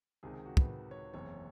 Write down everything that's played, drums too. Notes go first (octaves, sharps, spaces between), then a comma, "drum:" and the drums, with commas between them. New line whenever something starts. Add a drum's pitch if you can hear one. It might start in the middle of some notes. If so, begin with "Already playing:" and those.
C#2 C3 D#3 G#4
G#4
F#4
B4, drum: kick
C#5
F#1 E2 C3 C#5